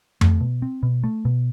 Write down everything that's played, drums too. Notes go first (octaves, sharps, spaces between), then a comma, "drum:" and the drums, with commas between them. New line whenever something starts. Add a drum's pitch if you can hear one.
A3, drum: tom F2
B2
C4
B2
A3
B2